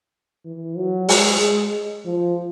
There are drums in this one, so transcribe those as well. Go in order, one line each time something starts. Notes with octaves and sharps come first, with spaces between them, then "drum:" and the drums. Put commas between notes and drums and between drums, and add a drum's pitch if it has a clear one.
E3
F#3
G#3, drum: open hi-hat
G#3
F3